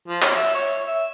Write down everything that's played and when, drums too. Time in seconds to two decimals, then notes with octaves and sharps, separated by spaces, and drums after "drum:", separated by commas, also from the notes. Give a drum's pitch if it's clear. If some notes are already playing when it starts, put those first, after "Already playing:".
0.08 F3
0.22 C#4, drum: clap
0.35 E5
0.55 C#5
0.87 E5